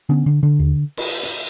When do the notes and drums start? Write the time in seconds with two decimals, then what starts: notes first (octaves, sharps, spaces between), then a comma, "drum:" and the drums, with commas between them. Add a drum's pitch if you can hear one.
0.09 D3 B3 C#4
0.26 D3
0.43 D3
0.59 D#2
0.97 drum: cymbal
1.23 drum: hi-hat